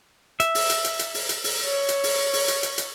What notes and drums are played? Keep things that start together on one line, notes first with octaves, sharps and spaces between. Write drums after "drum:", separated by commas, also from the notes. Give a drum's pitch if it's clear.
E5, drum: hi-hat
drum: open hi-hat
drum: hi-hat
drum: hi-hat
drum: hi-hat
drum: open hi-hat
drum: hi-hat
drum: open hi-hat
C#5
drum: hi-hat
drum: open hi-hat
drum: open hi-hat
drum: hi-hat
drum: hi-hat
drum: hi-hat